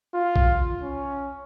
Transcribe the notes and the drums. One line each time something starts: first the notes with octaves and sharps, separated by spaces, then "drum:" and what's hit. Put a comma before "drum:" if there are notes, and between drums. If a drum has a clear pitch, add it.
F4
drum: kick A#1
C#4